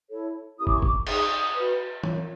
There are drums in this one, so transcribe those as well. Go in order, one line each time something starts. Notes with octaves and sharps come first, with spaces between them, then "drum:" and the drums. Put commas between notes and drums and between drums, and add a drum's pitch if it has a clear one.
E4 A4 C#5
C#4 E4 G4 A#4 D#6
D6, drum: kick
C#6
D6, drum: kick
D#4 G#4 C5 D#6, drum: cymbal
F#4 B4
F4 A#4 C#5, drum: tom